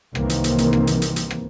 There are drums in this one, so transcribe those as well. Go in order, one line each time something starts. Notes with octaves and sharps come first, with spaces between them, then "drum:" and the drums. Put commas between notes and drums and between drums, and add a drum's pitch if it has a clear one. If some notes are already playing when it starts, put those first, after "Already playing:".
C2 G#2 D#3 E3 A#3 C4, drum: rim click
drum: hi-hat
drum: hi-hat
drum: hi-hat
drum: rim click
drum: hi-hat
drum: hi-hat
drum: hi-hat
drum: rim click